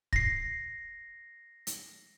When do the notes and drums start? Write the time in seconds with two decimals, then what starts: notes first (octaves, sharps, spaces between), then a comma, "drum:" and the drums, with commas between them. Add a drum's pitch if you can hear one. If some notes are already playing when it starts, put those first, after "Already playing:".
0.13 A#6 C7, drum: kick
1.67 drum: hi-hat